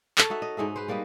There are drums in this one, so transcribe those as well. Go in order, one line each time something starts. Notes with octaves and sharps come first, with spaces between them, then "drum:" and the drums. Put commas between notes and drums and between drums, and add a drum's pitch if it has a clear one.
A4 C#5, drum: clap
D#4 F#4 E5
D#5
G#2 D#4 G#4 E5
B4 C5
G3 A#3 B4 D#5